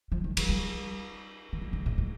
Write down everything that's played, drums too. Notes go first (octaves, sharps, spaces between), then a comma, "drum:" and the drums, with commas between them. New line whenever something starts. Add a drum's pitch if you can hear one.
F3
D#3
F3, drum: cymbal
G3
D#3
F3
D3
A#2
A2